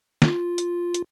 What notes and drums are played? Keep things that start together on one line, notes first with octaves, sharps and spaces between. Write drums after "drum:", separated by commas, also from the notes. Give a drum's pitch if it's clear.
F4, drum: snare
drum: hi-hat
drum: hi-hat